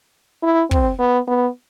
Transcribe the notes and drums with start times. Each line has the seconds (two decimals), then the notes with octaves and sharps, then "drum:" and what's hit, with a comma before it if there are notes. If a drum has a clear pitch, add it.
0.43 E4
0.71 C4, drum: kick
0.99 B3
1.28 B3